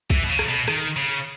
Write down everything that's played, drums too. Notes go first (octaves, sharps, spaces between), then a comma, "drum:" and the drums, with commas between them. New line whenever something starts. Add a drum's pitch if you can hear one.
E3, drum: kick
B2, drum: hi-hat
C#3
drum: rim click
B2
D#3, drum: rim click
drum: hi-hat
C#3
drum: hi-hat